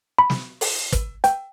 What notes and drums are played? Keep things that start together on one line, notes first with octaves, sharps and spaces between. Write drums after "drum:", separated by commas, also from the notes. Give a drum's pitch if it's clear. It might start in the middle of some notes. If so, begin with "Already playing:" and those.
B5
drum: snare
drum: open hi-hat
drum: kick, hi-hat
G5, drum: hi-hat